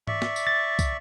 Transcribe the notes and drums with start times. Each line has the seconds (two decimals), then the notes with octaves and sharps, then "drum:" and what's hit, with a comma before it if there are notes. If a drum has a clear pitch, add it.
0.07 D5 E5 C#6, drum: tom G#2
0.22 drum: snare
0.36 drum: tambourine
0.47 A6
0.79 drum: kick, tambourine